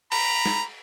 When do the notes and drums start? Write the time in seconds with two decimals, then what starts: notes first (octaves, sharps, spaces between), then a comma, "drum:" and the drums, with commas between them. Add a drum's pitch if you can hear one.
0.12 A#5 B5, drum: cymbal
0.46 drum: snare